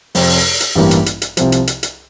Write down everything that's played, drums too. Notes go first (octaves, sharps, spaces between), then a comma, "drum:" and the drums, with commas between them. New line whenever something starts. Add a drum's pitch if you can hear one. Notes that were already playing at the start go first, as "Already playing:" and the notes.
F2 C3 F3, drum: open hi-hat
drum: open hi-hat
drum: hi-hat
A1 G2 E3 G3 A#3
drum: hi-hat
drum: hi-hat
drum: hi-hat
C2 C3 F3, drum: hi-hat
drum: hi-hat
drum: hi-hat
drum: hi-hat